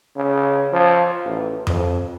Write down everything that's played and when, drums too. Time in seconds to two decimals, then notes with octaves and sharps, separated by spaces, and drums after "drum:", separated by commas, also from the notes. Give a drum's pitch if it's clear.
0.16 C#3
0.73 F3
1.25 A1
1.67 F2, drum: tom F2